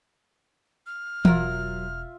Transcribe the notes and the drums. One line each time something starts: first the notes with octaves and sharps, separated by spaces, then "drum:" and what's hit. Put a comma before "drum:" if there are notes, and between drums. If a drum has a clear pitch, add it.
F6
E1 B2 F#3 F4 A#4 E5, drum: tom E3